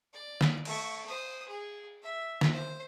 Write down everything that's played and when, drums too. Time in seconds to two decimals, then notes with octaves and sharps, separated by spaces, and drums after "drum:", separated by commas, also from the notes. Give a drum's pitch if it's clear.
0.14 D5
0.41 drum: snare
0.65 A3 C#6, drum: cymbal
1.06 C5 D#6
1.48 G#4
2.02 E5
2.41 drum: snare
2.52 C5